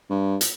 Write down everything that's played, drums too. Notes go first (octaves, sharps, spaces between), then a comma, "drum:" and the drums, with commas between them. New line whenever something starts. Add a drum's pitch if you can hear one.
G2
drum: hi-hat